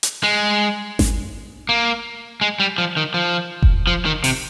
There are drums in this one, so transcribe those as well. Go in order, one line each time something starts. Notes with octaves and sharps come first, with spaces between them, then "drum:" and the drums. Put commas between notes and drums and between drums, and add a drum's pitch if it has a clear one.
drum: hi-hat
G#3
drum: snare G#1
A#3
G#3
G3
F3
D#3
F3
drum: kick F1
F3
D#3
C3, drum: open hi-hat